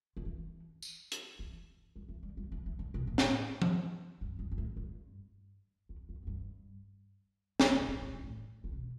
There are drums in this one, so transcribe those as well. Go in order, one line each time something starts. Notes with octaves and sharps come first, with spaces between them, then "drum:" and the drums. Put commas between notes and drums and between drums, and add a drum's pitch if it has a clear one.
D3
E3
drum: tambourine
drum: hi-hat
E3
G3
E3
G3
G3
E3
E3
D3
B2
A2
drum: snare
drum: tom F3
G2
G2
G2
A2
G2
E2
E2
E2
G2
G2, drum: snare
B2
A2
A2
G2
A2
D3
B2